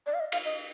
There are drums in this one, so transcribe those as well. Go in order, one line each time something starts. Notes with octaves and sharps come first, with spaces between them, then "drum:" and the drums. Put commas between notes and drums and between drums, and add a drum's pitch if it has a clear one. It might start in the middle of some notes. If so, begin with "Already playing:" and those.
D5
F5
D#5
F5, drum: cymbal
D#5